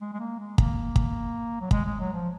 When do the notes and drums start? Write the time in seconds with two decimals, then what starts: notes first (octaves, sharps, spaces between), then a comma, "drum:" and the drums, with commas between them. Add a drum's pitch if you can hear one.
0.01 G#3
0.13 G#3
0.20 A#3
0.39 G#3
0.58 A#3, drum: kick
0.96 drum: kick
1.61 F#3
1.71 G#3, drum: kick
1.85 G#3
2.00 F#3
2.13 F3